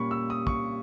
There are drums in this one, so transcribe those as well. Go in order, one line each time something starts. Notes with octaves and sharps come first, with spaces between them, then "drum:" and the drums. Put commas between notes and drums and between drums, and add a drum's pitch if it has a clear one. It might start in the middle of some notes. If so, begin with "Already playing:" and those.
Already playing: A#2 G3 A#3 C#4 B5 C#6
E6
D#6
C#6, drum: kick